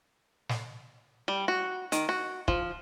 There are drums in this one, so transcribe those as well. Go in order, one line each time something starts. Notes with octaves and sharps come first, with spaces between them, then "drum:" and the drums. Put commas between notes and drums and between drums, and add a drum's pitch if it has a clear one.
drum: snare
G3
F#4
D#3, drum: hi-hat
F#4
F3, drum: kick